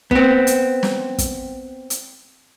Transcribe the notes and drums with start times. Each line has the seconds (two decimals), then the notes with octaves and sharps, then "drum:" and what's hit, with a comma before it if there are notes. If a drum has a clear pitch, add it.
0.11 B3 C4, drum: kick
0.47 drum: hi-hat
0.83 drum: snare
1.18 drum: kick, hi-hat
1.90 drum: hi-hat